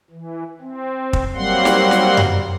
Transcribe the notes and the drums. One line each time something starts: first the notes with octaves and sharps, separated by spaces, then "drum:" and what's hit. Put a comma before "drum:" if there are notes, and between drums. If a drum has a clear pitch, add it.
E3
C4
drum: kick
F#3 G3 A#3 C4 F#5 C6
drum: snare
drum: snare
drum: tom F#2